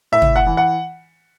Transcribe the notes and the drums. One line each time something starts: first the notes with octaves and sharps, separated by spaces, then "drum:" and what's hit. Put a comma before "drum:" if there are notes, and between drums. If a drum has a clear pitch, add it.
A2 E5
drum: tom
F#5
E3
F#5